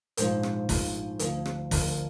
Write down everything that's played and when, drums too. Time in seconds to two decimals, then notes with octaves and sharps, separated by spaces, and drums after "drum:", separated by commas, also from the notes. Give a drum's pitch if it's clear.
0.17 A#1 G#2 F3 C5, drum: hi-hat
0.43 drum: rim click
0.69 A#1 G#2 F3, drum: kick, open hi-hat
1.19 D2 D3 F3, drum: hi-hat
1.46 drum: rim click
1.71 D2 D3 F3 A#4, drum: kick, open hi-hat